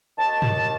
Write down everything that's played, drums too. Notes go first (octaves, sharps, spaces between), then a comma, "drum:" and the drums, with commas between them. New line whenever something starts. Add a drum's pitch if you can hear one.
D#2 D#3 A5
drum: tom